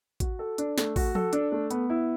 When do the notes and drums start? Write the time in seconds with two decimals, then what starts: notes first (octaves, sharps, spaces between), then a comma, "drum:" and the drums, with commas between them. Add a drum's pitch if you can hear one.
0.20 F#4, drum: kick A1, hi-hat
0.39 A4
0.58 D4, drum: hi-hat
0.78 A3, drum: snare
0.96 F#4, drum: kick A1, open hi-hat
1.15 A4, drum: tom F3
1.33 D4, drum: hi-hat
1.52 A3
1.71 B3, drum: hi-hat
1.90 E4